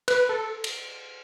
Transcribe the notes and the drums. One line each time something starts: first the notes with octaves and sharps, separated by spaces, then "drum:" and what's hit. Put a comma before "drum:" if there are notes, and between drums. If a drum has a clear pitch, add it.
B4, drum: cymbal
A4
drum: cymbal